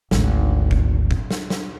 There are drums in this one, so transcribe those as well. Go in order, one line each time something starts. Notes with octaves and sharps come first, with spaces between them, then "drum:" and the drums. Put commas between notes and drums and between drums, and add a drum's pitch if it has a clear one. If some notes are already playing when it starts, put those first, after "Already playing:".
G#1 D2, drum: snare
drum: kick F#1
drum: kick F#1
drum: snare
drum: snare